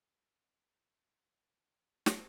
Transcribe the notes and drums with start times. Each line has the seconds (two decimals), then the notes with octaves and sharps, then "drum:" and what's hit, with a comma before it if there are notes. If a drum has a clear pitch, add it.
0.17 G1 C#2 B2 G#4
1.62 C2 E3 F#4 C#5
2.06 drum: snare